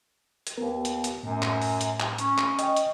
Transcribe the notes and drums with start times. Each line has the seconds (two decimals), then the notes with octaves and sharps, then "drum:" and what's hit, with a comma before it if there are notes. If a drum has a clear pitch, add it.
0.47 drum: hi-hat
0.58 D#2 B3 A#4
0.85 drum: hi-hat
1.04 drum: hi-hat
1.23 F#2 A2
1.42 drum: clap
1.62 drum: open hi-hat
1.81 drum: hi-hat
2.00 drum: clap
2.18 C#4, drum: hi-hat
2.38 drum: clap
2.59 D#5 G5, drum: hi-hat
2.76 drum: hi-hat